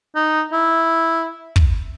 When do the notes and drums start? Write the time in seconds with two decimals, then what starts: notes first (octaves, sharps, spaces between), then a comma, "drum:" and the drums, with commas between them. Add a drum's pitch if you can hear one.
0.16 D#4
0.52 E4
1.56 drum: kick